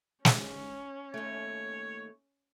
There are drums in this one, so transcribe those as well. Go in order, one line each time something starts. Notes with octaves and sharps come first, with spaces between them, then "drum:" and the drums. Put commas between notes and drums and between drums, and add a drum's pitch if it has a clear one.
C#4, drum: snare
D#2 A3 C#5